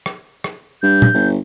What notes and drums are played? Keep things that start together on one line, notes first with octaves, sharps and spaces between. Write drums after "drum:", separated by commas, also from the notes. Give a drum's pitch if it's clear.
drum: rim click
drum: rim click
G2 G6
drum: tom
G1